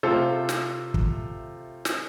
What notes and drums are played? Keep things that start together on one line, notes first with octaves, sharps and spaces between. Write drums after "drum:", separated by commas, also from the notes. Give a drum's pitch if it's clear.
C3 A3 F4 A4 C5
drum: snare
drum: kick
drum: snare